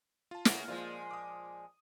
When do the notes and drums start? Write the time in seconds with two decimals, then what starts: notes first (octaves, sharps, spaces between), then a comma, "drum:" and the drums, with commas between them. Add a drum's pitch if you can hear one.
0.31 F4 A5
0.45 C#3 A#3 F#5 A#6, drum: snare
0.68 A#2 F3 G#3 A#3 F4
1.11 D6 D#6